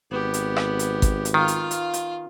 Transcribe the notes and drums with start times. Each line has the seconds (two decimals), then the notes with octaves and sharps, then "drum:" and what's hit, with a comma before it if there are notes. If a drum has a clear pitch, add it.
0.11 G#1 B3 G4
0.34 drum: hi-hat
0.56 drum: rim click
0.79 drum: hi-hat
1.02 drum: kick G#1, hi-hat
1.25 drum: hi-hat
1.34 D#3 F4 F5
1.48 drum: hi-hat
1.71 drum: hi-hat
1.94 drum: hi-hat